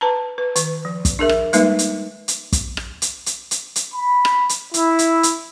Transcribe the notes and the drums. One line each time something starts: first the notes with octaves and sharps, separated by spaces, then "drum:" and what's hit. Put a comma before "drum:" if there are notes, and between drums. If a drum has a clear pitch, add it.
B4 A5 A#5
B4
D#3, drum: hi-hat
F3
drum: kick, hi-hat
D4 G#4 A#4 E5
drum: rim click
G3 G#3 A#3 D#4 B4 E5, drum: hi-hat
drum: hi-hat
drum: hi-hat
drum: kick, hi-hat
drum: rim click
drum: hi-hat
drum: hi-hat
drum: hi-hat
drum: hi-hat
B5
drum: rim click
drum: hi-hat
E4, drum: hi-hat
drum: hi-hat
drum: hi-hat